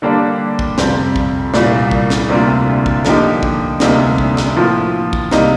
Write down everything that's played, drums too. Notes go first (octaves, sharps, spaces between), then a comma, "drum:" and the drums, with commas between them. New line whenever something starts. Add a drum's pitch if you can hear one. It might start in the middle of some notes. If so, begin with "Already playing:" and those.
D3 G3 A#3 D4 G4
drum: kick
F2 C3 G3 C4, drum: snare
drum: kick
C2 A#2 G3, drum: snare
drum: kick
drum: snare
D2 C3 G3 A#3 F4
drum: kick
D3 F3 A#3 D#4 G4, drum: snare
drum: kick
D2 C3 G3 A#3 D#4, drum: snare
drum: kick
drum: snare
A2 F3 A#3 F4
drum: kick
C3 G3 A#3 D#4, drum: snare